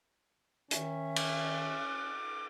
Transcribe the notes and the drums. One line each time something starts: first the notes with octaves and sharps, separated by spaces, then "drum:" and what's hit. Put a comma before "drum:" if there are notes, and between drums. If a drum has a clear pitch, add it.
D#3 C#4 E5, drum: hi-hat
D6, drum: cymbal